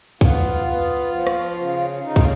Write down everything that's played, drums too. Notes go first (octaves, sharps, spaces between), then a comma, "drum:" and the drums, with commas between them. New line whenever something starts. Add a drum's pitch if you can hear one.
B3 F4, drum: kick
B3
F3
drum: rim click
C#3
C#3 D#4
F4, drum: kick